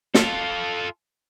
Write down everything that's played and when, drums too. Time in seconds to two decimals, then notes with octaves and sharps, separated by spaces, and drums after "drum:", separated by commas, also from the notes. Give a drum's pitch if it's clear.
0.14 F4 A4, drum: snare